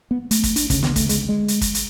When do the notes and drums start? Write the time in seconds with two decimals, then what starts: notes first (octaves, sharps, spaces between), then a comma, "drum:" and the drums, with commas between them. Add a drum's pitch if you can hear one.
0.11 B3
0.31 A3, drum: hi-hat
0.43 drum: kick, hi-hat
0.56 D4, drum: hi-hat
0.70 D2 C#3 C#4, drum: kick, hi-hat
0.83 B3, drum: snare
0.96 A3, drum: kick, hi-hat
1.09 G#3, drum: hi-hat
1.29 G#3
1.48 drum: hi-hat
1.61 drum: kick, hi-hat
1.74 drum: hi-hat